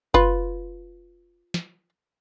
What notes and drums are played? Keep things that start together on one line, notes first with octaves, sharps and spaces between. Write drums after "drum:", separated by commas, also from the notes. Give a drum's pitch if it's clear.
F4 B4, drum: kick F#1
drum: snare